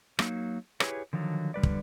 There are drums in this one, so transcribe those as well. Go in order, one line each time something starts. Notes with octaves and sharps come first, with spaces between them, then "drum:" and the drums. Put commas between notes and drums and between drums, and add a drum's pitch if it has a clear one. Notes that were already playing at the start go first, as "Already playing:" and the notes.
F#3 A#3 D#4, drum: rim click
E4 G4 G#4 B4 C#5, drum: rim click
D3 D#3 F3 F#3
D3 G3 B4 D5
drum: kick